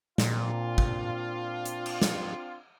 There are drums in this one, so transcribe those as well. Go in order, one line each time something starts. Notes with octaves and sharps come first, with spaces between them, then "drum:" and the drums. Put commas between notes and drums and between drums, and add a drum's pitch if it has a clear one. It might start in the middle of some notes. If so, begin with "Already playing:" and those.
A#2 C4 D4 F4, drum: snare
drum: kick
drum: hi-hat
drum: cymbal
drum: snare